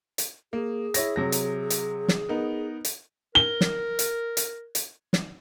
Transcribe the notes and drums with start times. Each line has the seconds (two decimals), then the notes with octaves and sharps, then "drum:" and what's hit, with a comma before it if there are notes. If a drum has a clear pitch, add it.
0.18 drum: hi-hat
0.53 A#3 G#4
0.94 E4 C#5 A#6, drum: hi-hat
1.16 C3 F#3 A#6
1.32 drum: hi-hat
1.70 drum: hi-hat
2.08 drum: snare
2.29 B3 D#4 A#4
2.85 drum: hi-hat
3.35 A#4 G7
3.61 drum: snare
3.99 drum: hi-hat
4.37 drum: hi-hat
4.75 drum: hi-hat
5.13 drum: snare